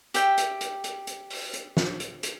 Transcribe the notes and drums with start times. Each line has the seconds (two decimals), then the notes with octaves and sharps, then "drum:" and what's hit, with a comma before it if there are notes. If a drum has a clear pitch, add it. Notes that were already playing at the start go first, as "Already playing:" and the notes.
0.14 G4 E5 G5, drum: hi-hat
0.38 drum: hi-hat
0.61 drum: hi-hat
0.84 drum: hi-hat
1.07 drum: hi-hat
1.30 drum: open hi-hat
1.54 drum: hi-hat
1.77 drum: snare
2.00 drum: hi-hat
2.23 drum: hi-hat